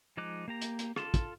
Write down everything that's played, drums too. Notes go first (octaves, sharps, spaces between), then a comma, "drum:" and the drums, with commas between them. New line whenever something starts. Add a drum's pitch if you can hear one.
F3 G#3 D#4 D6 F#6
A#3 G4 A#5
drum: hi-hat
drum: hi-hat
F4 A4 A5 C6, drum: rim click
drum: kick, hi-hat